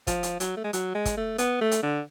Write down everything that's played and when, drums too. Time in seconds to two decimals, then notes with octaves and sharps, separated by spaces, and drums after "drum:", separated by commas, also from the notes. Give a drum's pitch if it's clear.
0.07 F3, drum: kick, hi-hat
0.23 drum: hi-hat
0.40 F#3, drum: hi-hat
0.57 A3
0.64 G#3
0.73 F#3, drum: hi-hat
0.95 G#3
1.05 drum: kick, hi-hat
1.17 A3
1.38 B3, drum: hi-hat
1.61 A3
1.71 drum: hi-hat
1.83 D3